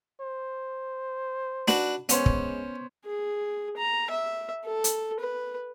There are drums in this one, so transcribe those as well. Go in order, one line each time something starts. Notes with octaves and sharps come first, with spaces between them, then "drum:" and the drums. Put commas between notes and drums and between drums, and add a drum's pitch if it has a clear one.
C5
D4 F#4 B4, drum: snare
G#3 B3 C#4 C5 C#5, drum: hi-hat
drum: kick
G#4
A#5
E5
A4
drum: hi-hat
B4